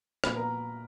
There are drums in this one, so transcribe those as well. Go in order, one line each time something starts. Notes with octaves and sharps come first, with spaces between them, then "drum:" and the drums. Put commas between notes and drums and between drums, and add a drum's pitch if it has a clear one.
A#2 F#3 B3 B4 B5, drum: rim click
A#4 A#5